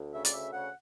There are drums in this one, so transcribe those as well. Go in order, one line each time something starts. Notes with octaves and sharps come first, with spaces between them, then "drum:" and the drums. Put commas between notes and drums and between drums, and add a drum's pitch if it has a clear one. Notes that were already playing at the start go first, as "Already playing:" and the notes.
Already playing: D2
C#3 E5
D5, drum: hi-hat
D2 E5
C#3 F#5